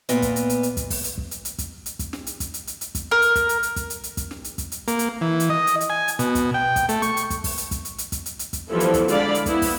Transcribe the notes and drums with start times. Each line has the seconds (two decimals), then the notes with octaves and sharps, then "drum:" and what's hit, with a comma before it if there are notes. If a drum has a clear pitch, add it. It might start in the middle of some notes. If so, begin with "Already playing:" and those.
0.09 A#2 B3 D#5, drum: hi-hat
0.22 drum: kick, hi-hat
0.36 drum: hi-hat
0.50 drum: hi-hat
0.63 drum: hi-hat
0.77 drum: kick, hi-hat
0.90 drum: kick, open hi-hat
1.04 drum: hi-hat
1.18 drum: kick
1.31 drum: hi-hat
1.45 drum: hi-hat
1.58 drum: kick, hi-hat
1.86 drum: hi-hat
1.99 drum: kick, hi-hat
2.13 drum: snare
2.27 drum: hi-hat
2.40 drum: kick, hi-hat
2.54 drum: hi-hat
2.67 drum: hi-hat
2.81 drum: hi-hat
2.95 drum: kick, hi-hat
3.11 A#4
3.22 drum: hi-hat
3.35 drum: kick, hi-hat
3.49 drum: hi-hat
3.63 drum: hi-hat
3.76 drum: kick, hi-hat
3.90 drum: hi-hat
4.04 drum: hi-hat
4.17 drum: kick, hi-hat
4.31 drum: snare
4.44 drum: hi-hat
4.58 drum: kick, hi-hat
4.72 drum: hi-hat
4.88 A#3, drum: hi-hat
4.99 drum: hi-hat
5.21 E3
5.40 drum: hi-hat
5.50 D#5
5.67 drum: hi-hat
5.81 drum: hi-hat
5.90 G#5
6.08 drum: hi-hat
6.19 B2, drum: hi-hat
6.35 drum: kick, hi-hat
6.54 G5
6.76 drum: kick, hi-hat
6.89 A3, drum: hi-hat
7.02 C#6, drum: hi-hat
7.17 drum: hi-hat
7.30 drum: kick, hi-hat
7.44 drum: kick, open hi-hat
7.58 drum: hi-hat
7.71 drum: kick, hi-hat
7.85 drum: hi-hat
7.98 drum: hi-hat
8.12 drum: kick, hi-hat
8.26 drum: hi-hat
8.39 drum: hi-hat
8.53 drum: kick, hi-hat
8.70 E3 F3 G3 B3 A4
8.80 drum: hi-hat
8.94 drum: kick, hi-hat
9.08 D3 G#3 D5 F5 B5, drum: hi-hat
9.35 drum: hi-hat
9.46 B3 E4, drum: kick, hi-hat
9.62 drum: kick, open hi-hat